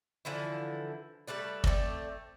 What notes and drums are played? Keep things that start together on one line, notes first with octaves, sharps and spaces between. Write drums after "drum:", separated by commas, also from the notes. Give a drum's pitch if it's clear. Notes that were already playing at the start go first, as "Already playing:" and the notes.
D3 E3 F3 E4
G3 A3 B4 D5
A3 C4 D5, drum: kick